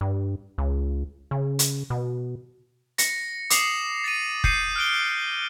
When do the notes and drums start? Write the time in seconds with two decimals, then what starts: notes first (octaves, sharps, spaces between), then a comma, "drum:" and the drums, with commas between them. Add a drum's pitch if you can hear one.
0.01 G2
0.58 C#2
1.31 C#3
1.59 drum: hi-hat
1.90 B2
2.98 A#6 C#7, drum: hi-hat
3.50 D6 D#6 C7 F7 F#7, drum: hi-hat
4.04 A6 C7 D#7
4.44 G6 C7 C#7 D#7, drum: kick
4.76 F6 F#6 D7 G7